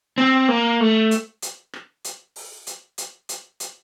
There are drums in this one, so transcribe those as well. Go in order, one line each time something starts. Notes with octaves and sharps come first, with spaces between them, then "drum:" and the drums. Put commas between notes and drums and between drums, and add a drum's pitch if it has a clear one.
C4
A#3
A3
drum: hi-hat
drum: hi-hat
drum: rim click
drum: hi-hat
drum: open hi-hat
drum: hi-hat
drum: hi-hat
drum: hi-hat
drum: hi-hat